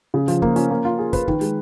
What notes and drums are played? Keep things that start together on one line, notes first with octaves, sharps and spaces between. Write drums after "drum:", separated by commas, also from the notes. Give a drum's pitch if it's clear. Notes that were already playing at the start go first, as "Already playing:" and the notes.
C#3
F3, drum: hi-hat
A#3, drum: kick
C#4, drum: hi-hat
A#3
F4
G#4
B4, drum: kick, hi-hat
D#3, drum: kick
G#3, drum: hi-hat